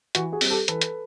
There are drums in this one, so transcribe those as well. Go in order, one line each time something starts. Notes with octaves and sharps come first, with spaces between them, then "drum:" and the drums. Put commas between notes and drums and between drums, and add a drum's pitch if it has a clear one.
E3 F#4, drum: hi-hat
F#4 G#4
G3 C4, drum: open hi-hat
G4 A4
E3 A4 B4, drum: hi-hat
drum: hi-hat